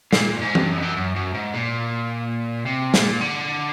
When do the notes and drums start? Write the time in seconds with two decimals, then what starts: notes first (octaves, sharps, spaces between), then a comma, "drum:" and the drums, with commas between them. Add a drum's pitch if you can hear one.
0.13 A#2, drum: snare
0.36 G2
0.42 G#2
0.55 G2, drum: tom E3
0.69 F#2
0.78 F2
0.83 F#2
0.97 F#2
1.16 F#2
1.34 G#2
1.54 A#2
2.66 C3
2.94 A#2, drum: snare
3.21 D3